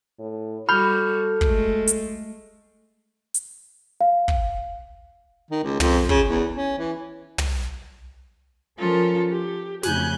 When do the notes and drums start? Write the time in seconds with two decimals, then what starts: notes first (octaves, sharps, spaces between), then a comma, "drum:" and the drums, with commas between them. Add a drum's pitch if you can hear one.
0.19 A2
0.69 G3 F#4 A4 B5 F6 G6
1.41 G#3 A3, drum: kick
1.87 drum: hi-hat
3.34 drum: hi-hat
4.01 F5
4.28 drum: kick
5.51 D#3
5.64 C#2
5.80 F2, drum: tom
6.09 C#3, drum: kick
6.28 E2
6.55 C#4
6.79 E3
7.38 drum: tom
8.76 F3 C#4 F4 A4 A#4
9.32 G4
9.83 F2 C#3 A3 G#5 F#6 G6, drum: snare